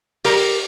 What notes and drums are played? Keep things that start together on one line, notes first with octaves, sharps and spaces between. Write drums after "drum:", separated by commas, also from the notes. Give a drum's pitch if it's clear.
G3 G4 A#4, drum: open hi-hat